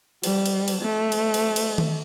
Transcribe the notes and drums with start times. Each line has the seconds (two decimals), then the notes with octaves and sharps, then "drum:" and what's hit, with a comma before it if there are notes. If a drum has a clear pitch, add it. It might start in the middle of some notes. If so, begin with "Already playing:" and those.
0.23 G3, drum: cymbal
0.46 drum: cymbal
0.68 drum: cymbal
0.82 A3
1.12 drum: cymbal
1.34 drum: cymbal
1.56 drum: cymbal
1.78 drum: tom D#3